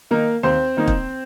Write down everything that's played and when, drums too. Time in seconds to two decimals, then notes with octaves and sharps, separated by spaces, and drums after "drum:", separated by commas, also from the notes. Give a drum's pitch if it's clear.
0.11 D#3 A#3 D#4 A#4
0.43 D#2 C4 C5
0.77 D#3 A#3 D#4
0.88 drum: kick